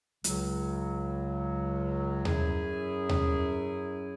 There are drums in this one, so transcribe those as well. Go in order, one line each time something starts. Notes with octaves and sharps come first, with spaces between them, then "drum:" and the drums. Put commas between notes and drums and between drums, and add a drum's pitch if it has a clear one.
C#2 C#3 F#3, drum: hi-hat
F#2 F#3 E4 G#4, drum: tom D#2
drum: tom D#2